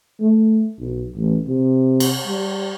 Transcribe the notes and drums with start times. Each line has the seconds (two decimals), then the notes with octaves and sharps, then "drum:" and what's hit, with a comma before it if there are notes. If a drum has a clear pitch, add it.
0.20 A3
0.79 B1
1.16 A1
1.47 C3
2.00 drum: cymbal
2.26 G3